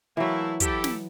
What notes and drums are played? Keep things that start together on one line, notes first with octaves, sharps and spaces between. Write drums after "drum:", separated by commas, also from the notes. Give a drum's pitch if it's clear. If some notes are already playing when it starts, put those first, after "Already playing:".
E3 F#3 A3 A#3 E4
E4 G4 A4, drum: kick, hi-hat
drum: snare